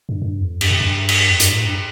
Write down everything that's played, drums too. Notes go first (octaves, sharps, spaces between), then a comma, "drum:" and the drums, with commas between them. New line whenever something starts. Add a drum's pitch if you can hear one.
G2
G2
F2
G2, drum: cymbal
F2
G2
drum: cymbal
F2
G2, drum: hi-hat
A2
G2